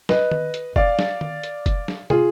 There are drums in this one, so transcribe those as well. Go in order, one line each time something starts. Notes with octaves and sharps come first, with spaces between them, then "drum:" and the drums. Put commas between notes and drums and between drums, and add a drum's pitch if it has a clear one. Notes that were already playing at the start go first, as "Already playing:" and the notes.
B4 D#5, drum: snare
drum: tom D#3
drum: hi-hat
D5 F5, drum: kick
drum: snare
drum: tom D#3
drum: hi-hat
drum: kick, hi-hat
drum: snare
F4 G#4, drum: tom